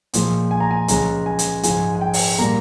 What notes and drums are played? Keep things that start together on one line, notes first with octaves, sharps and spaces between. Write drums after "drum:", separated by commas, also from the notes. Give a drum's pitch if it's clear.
A#2 F3 G#3, drum: hi-hat
G#5
A#5
G#5
C#2 C#3 F3 A#5, drum: hi-hat
G#5
drum: hi-hat
G#2 F3 G#3 G#5, drum: hi-hat
G#5
G5
drum: open hi-hat
A#2 G3 A#3 A#5